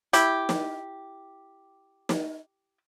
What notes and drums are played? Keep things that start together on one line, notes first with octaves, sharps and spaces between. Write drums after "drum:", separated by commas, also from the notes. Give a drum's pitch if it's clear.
E4 G4, drum: hi-hat
drum: snare
drum: snare